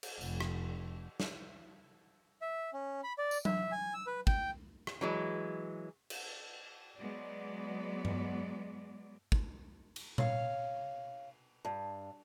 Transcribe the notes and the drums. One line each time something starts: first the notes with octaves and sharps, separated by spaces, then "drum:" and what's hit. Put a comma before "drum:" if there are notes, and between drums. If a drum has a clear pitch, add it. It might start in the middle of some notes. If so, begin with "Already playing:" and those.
drum: cymbal
F1, drum: tambourine
drum: rim click
drum: snare
E5
C#4
B5
D5
drum: tambourine
E5, drum: tom F#3
G#5
E6
B4
G5, drum: kick
drum: rim click
E3 F#3 G#3
drum: cymbal
F#3 G#3 B3 D5
drum: tom G2
drum: kick
drum: cymbal
C#5 F5, drum: tom A#2
G2